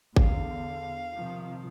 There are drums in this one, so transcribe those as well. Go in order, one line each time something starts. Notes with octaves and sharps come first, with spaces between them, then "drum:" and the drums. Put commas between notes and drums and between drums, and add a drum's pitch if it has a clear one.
E2 D3 F5, drum: kick G#1
C3 D#3 F3